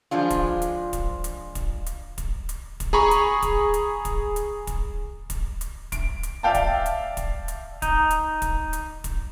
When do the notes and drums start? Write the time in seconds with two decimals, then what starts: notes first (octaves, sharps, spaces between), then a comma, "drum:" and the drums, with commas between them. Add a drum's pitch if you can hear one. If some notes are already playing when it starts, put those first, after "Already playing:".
0.11 F3 G#3 D4 F4
0.30 drum: kick, hi-hat
0.62 drum: hi-hat
0.93 drum: kick, hi-hat
1.24 drum: hi-hat
1.55 drum: kick, hi-hat
1.86 drum: hi-hat
2.18 drum: kick, hi-hat
2.49 drum: hi-hat
2.80 drum: kick, hi-hat
2.93 G#4 A#5 B5 C#6
3.11 drum: hi-hat
3.42 drum: kick, hi-hat
3.74 drum: hi-hat
4.05 drum: kick, hi-hat
4.36 drum: hi-hat
4.67 drum: kick, hi-hat
5.30 drum: kick, hi-hat
5.61 drum: hi-hat
5.92 D7, drum: kick, hi-hat
6.23 drum: hi-hat
6.43 D5 E5 F5 G5 A5
6.55 drum: kick, hi-hat
6.86 drum: hi-hat
7.17 drum: kick, hi-hat
7.48 drum: hi-hat
7.82 D#4, drum: kick, hi-hat
8.11 drum: hi-hat
8.42 drum: kick, hi-hat
8.73 drum: hi-hat
9.04 drum: kick, hi-hat